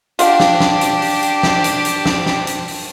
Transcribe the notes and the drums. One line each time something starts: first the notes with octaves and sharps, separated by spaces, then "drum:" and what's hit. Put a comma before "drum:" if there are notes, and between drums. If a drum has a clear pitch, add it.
D4 F4 G4 F5 F#5, drum: hi-hat
drum: snare
drum: snare
drum: hi-hat
drum: open hi-hat
drum: hi-hat
drum: snare
drum: hi-hat
drum: hi-hat
drum: snare
drum: snare
drum: hi-hat
drum: open hi-hat